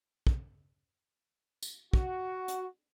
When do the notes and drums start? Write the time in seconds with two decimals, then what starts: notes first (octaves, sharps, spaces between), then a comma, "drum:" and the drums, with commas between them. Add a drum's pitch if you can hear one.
0.27 drum: kick
1.63 drum: tambourine
1.93 F#4, drum: kick
2.48 drum: hi-hat